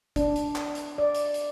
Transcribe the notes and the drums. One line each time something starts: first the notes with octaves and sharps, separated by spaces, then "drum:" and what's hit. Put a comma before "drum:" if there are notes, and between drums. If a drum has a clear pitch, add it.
D4, drum: kick, hi-hat
drum: hi-hat
drum: clap
drum: hi-hat
D5
drum: hi-hat
drum: hi-hat